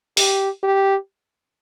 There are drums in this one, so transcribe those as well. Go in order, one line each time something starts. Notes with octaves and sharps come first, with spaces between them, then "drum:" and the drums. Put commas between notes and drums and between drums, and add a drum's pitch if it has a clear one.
G4, drum: open hi-hat
G4